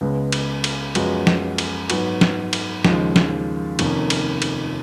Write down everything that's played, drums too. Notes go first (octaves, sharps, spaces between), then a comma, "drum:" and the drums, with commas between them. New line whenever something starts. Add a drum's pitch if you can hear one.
C#2 C#3 G#3 B3
drum: cymbal
drum: cymbal
F#2 F3 G#3 B3 F#4, drum: cymbal
drum: snare
drum: cymbal
G#2 F#3 B3 F#4, drum: cymbal
drum: snare
drum: cymbal
D#2 C#3 F3 G#3, drum: snare
drum: snare
F1 F2 D#3 A#3 C#4, drum: cymbal
drum: cymbal
drum: cymbal